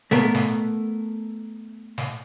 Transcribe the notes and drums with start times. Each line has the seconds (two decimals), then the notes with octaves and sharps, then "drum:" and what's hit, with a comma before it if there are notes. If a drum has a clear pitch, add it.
0.11 A3 B3 A#4, drum: snare
0.35 drum: snare
1.98 drum: snare